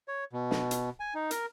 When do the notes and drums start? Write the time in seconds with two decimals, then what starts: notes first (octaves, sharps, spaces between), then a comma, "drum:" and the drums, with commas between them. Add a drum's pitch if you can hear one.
0.08 C#5
0.33 B2
0.51 drum: snare
0.71 drum: hi-hat
1.00 G#5
1.15 D#4
1.31 A#4, drum: hi-hat